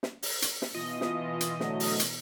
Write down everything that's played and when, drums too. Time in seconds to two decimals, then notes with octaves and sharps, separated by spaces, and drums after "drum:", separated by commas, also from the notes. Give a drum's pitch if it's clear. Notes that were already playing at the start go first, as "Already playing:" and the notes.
0.03 drum: snare
0.23 drum: open hi-hat
0.42 drum: hi-hat
0.62 drum: snare
0.74 B2 E3 F4 D#5
1.01 drum: snare
1.41 drum: hi-hat
1.60 D3 F#3 A3, drum: snare
1.80 drum: open hi-hat
2.00 drum: hi-hat